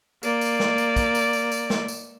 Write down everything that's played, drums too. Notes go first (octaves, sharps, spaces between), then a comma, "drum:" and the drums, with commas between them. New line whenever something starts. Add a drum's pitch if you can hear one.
A#3 D5, drum: tambourine
drum: tambourine
drum: snare
drum: tambourine
drum: kick, tambourine
drum: tambourine
drum: tambourine
drum: tambourine
drum: snare
drum: tambourine